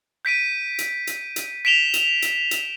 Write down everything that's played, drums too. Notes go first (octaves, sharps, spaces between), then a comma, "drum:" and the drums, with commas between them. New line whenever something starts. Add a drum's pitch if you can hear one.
G6 B6 D7 D#7
drum: hi-hat
drum: hi-hat
drum: hi-hat
B6 D7 E7 F7 G7
drum: hi-hat
drum: hi-hat
drum: hi-hat